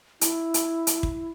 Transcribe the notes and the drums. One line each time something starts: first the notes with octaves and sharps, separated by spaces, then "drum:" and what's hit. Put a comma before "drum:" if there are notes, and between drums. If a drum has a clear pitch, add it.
E4, drum: hi-hat
drum: hi-hat
drum: hi-hat
drum: kick